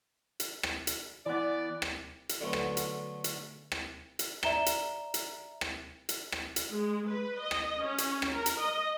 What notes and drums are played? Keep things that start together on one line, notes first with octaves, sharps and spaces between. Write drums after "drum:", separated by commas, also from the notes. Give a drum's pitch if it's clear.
drum: hi-hat
drum: rim click
drum: hi-hat
E3 B3 D5
drum: rim click
drum: hi-hat
D3 F#3 A3 B3
drum: rim click
drum: hi-hat
drum: hi-hat
drum: rim click
drum: hi-hat
D5 E5 A#5 E7 G7, drum: rim click
drum: hi-hat
drum: hi-hat
drum: rim click
drum: hi-hat
drum: rim click
drum: hi-hat
G#3
B4
D#5
drum: rim click
C#4
drum: hi-hat
drum: rim click
A#4
drum: hi-hat
D#5